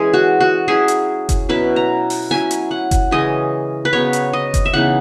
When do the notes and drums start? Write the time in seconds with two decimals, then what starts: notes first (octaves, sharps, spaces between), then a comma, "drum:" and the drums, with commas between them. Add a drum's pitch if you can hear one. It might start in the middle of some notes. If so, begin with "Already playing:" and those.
Already playing: E3 G#3 C#4 G#4
0.14 F#4
0.41 F#4
0.68 F#3 C#4 E4 G#4
0.88 drum: hi-hat
1.29 drum: kick F#1, hi-hat
1.49 B2 F#3 C#4 E4 B4
1.76 A#5
2.10 drum: open hi-hat
2.31 F#3 C#4 E4 G#5
2.51 drum: hi-hat
2.71 F#5
2.91 drum: kick F#1, hi-hat
3.11 C#3 E3 G#3 C#4 D#5
3.85 B4
3.93 C#3 F#3 B3 C#5
4.13 drum: hi-hat
4.33 D#5
4.54 drum: kick F#1, hi-hat
4.66 E5
4.73 C#3 E3 B3 D#4 F#5